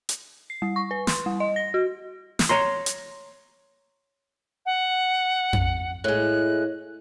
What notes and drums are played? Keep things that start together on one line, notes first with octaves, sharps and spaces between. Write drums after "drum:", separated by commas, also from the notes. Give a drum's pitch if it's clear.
drum: hi-hat
C7
G3
C#6
B4
C6, drum: snare
G3
D#5
A#6
F#4
drum: snare
C#5 A#5 C6
drum: hi-hat
F#5
drum: tom F2
A2 G#3 F#6